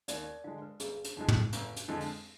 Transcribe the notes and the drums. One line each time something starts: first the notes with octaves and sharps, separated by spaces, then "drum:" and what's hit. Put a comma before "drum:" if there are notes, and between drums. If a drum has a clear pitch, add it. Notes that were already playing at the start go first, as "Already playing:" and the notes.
D#2 D5, drum: hi-hat
D5
D3 G#3 F5
B4
G1 G#4, drum: hi-hat
drum: hi-hat
F2 D3 G#3
drum: tom
G1, drum: hi-hat
drum: hi-hat
F2 D3 G#3
drum: open hi-hat